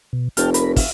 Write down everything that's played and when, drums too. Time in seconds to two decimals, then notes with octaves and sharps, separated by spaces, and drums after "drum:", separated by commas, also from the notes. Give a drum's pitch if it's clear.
0.13 B2
0.37 F1 G5 A5 F6, drum: hi-hat
0.54 A#4 B5, drum: hi-hat
0.76 E5 F5, drum: kick, open hi-hat